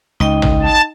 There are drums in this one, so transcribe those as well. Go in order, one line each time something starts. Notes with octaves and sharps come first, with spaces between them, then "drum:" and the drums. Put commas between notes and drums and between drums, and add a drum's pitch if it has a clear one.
C#2 D#4 D#5 G5
drum: tom A1
A5